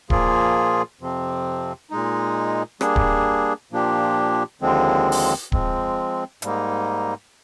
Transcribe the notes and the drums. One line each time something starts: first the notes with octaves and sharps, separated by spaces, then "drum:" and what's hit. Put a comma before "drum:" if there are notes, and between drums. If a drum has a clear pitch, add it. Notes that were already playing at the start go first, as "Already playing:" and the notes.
A#2 F3 A#3 F4 G#4, drum: kick D1
F2 C3 F3 C4
A#2 G#3 D#4
G3 A#3 D4 G#4, drum: rim click
drum: kick D1
A#2 F3 A#3 D4 G4
D#2 D3 F3 G#3 C4
drum: open hi-hat
F3 G#3 C4, drum: kick D1
G#2 G3 A#3 D#4, drum: hi-hat